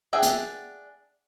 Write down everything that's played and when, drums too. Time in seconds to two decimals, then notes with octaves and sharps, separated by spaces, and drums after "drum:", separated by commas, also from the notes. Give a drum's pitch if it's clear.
0.13 D4 G#4 E5 F#5 G5
0.22 drum: hi-hat